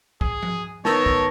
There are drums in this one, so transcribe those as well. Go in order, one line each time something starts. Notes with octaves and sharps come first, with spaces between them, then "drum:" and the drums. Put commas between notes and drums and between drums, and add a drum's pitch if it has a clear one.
G#4, drum: kick
drum: tom F3
D#3 B3 C#5 A5 E6 A#6, drum: snare
drum: kick